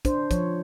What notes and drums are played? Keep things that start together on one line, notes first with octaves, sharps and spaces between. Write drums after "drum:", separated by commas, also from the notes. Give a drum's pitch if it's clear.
D4 C5, drum: kick, hi-hat
F3 C#5, drum: kick, hi-hat